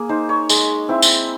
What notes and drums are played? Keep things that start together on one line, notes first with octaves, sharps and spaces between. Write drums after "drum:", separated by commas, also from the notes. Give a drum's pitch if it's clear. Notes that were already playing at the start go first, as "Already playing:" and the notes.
Already playing: A#3 G#4
D#4 C5
C#5
G#3, drum: tambourine
C4 E4
drum: tambourine